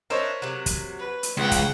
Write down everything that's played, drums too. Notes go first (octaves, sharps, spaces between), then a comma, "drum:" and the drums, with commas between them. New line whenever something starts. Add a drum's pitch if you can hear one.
D4 D#4 A#4 C5 C#5 E5
C3 F#3
drum: kick, hi-hat
B4
drum: hi-hat
C#2 C#3 F#5 G5
drum: kick, hi-hat